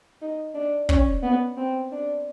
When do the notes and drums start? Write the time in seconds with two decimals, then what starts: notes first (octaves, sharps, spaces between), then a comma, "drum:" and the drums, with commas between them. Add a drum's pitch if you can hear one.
0.22 D#4
0.55 D4
0.89 C#4, drum: kick
1.23 B3
1.57 C4
1.92 D4